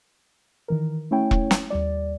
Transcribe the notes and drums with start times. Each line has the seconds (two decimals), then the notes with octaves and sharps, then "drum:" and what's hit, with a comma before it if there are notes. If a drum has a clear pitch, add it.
0.68 D#3 E3 A#4
1.11 A3 C#4 E4 C#5 G5
1.31 drum: kick E1
1.51 drum: snare
1.70 D#2 G3 D5